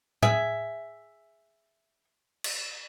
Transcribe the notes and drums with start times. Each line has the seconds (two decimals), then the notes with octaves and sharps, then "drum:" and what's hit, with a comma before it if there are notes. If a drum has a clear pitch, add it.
0.23 G#4 E5, drum: tom A2
2.44 drum: cymbal